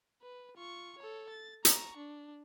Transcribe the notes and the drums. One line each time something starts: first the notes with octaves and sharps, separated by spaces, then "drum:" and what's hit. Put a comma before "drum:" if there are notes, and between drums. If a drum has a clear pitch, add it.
B4
F4 C#6
A4 C#5
A6
A#5 C#6, drum: hi-hat
D4